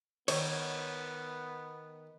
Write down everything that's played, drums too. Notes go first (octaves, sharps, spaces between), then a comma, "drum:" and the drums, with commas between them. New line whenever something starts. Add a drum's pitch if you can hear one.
D#3 B3 C#5, drum: cymbal